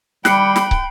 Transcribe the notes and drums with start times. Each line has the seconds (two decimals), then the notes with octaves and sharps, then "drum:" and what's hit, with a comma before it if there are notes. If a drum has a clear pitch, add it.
0.25 G3 G5 B5 F#6 C7 C#7, drum: snare
0.56 drum: snare
0.71 drum: kick